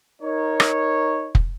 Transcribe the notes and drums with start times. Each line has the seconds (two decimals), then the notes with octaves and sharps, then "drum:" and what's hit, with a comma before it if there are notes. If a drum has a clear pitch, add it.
0.22 D#4 A#4 C#5
0.60 drum: rim click
1.35 drum: kick